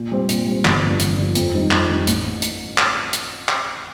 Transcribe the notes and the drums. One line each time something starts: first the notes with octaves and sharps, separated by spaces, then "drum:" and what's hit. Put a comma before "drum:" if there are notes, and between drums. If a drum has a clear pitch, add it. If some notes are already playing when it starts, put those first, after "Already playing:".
Already playing: A#2
G3 C4
A#2, drum: hi-hat
G3 C4
G1, drum: clap
G2 F3
G1, drum: hi-hat
G2 F3
F2, drum: hi-hat
D#3 G3 C4 D#4
F2, drum: clap
D#3 G3 C4 D#4
A1, drum: hi-hat
drum: hi-hat
drum: clap
drum: hi-hat
drum: clap